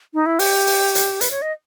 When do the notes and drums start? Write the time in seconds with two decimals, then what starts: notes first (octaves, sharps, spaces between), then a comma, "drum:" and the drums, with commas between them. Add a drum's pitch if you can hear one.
0.14 D#4
0.26 E4
0.39 G4, drum: open hi-hat
0.67 drum: open hi-hat
0.95 drum: hi-hat
1.21 B4, drum: hi-hat
1.31 C#5
1.42 D#5